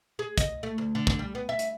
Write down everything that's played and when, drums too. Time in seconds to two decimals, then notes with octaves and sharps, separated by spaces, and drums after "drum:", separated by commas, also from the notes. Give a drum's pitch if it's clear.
0.19 G#4
0.38 D#5, drum: kick, hi-hat
0.63 A3
0.78 D2
0.95 D3
1.07 drum: kick
1.19 G3
1.35 B3
1.49 E5
1.59 drum: hi-hat